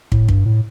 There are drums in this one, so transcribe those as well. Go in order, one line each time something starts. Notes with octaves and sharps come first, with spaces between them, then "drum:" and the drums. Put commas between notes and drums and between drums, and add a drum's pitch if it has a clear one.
A2, drum: kick
G2, drum: kick
A2